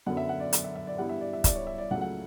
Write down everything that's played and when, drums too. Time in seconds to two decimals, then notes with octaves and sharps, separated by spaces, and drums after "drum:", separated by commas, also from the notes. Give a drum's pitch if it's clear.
0.06 F#2 D3 F#3 B3 F#5
0.17 E5
0.29 F#5
0.40 D5
0.53 E5, drum: hi-hat
0.64 E5
0.75 E5
0.87 D5
0.98 G2 E3 G3 B3 F#5
1.09 E5
1.21 D5
1.33 E5
1.44 D5, drum: kick, hi-hat
1.55 C#5
1.67 E5
1.78 D5
1.91 C#2 C#3 F#3 A3 F#5
2.01 F#5